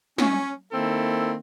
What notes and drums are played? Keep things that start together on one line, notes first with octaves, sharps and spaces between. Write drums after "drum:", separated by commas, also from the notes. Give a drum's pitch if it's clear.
C#4, drum: snare
D#3 A#3 C4 E4 A4